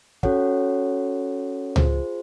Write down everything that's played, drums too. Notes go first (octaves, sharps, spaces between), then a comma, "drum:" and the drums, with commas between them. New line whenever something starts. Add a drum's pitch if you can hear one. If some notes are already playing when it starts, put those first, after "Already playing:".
C#4 F#4 A4 C#5 F#5, drum: kick
F4 G#4 C5, drum: tom C#2